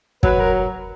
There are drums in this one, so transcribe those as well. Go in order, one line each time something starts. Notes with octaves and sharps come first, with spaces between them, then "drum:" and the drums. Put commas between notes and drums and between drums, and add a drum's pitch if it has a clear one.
F#3 B4, drum: kick
A#4